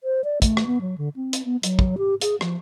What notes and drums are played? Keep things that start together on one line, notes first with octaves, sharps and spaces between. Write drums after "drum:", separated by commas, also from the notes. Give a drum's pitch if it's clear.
C5
D5
A3, drum: kick, hi-hat
drum: rim click
B3
F#3
D3
C4
drum: hi-hat
B3
F#3, drum: hi-hat
drum: kick
G4
G#4, drum: hi-hat
F3, drum: rim click